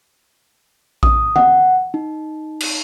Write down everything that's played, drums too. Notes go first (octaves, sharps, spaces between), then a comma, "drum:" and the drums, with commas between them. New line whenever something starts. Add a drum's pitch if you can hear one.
D#6, drum: kick A#1
F#5, drum: tom D#3
D#4
drum: cymbal